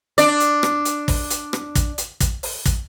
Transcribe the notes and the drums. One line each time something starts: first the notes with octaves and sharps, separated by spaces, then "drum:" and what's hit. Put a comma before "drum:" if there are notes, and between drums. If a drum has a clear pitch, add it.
D4 D5, drum: hi-hat
drum: hi-hat
drum: rim click
drum: hi-hat
drum: kick, open hi-hat
drum: hi-hat
drum: rim click
drum: kick, hi-hat
drum: hi-hat
drum: kick, hi-hat
drum: open hi-hat
drum: kick, hi-hat